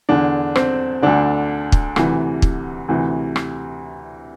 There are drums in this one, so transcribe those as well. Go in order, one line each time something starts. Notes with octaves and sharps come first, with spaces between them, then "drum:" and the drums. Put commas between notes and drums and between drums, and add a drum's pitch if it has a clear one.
E2 D3 D4
C4, drum: rim click
D2 D3 D4
drum: kick
D2 C3 E3, drum: rim click
drum: kick
D2 C3 E3
drum: rim click